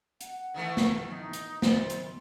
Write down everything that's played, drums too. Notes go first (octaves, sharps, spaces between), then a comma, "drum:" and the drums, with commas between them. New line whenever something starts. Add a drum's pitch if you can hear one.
F#5, drum: hi-hat
D#3 E3 A3
drum: snare
D#4
drum: hi-hat
D#3 C5, drum: snare
drum: hi-hat